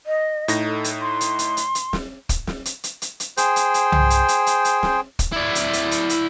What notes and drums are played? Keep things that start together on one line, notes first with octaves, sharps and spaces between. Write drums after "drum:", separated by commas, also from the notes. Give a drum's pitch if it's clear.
D#5
A2 D#4 A#6, drum: hi-hat
A4
drum: hi-hat
C6
drum: hi-hat
drum: hi-hat
drum: hi-hat
drum: hi-hat
drum: snare
drum: kick, hi-hat
drum: snare
drum: hi-hat
drum: hi-hat
drum: hi-hat
drum: hi-hat
G#4 C5 G5, drum: hi-hat
drum: hi-hat
drum: hi-hat
drum: tom C2
drum: hi-hat
drum: hi-hat
drum: hi-hat
drum: hi-hat
drum: snare
drum: kick, hi-hat
E4 D5
drum: hi-hat
drum: hi-hat
drum: hi-hat
drum: hi-hat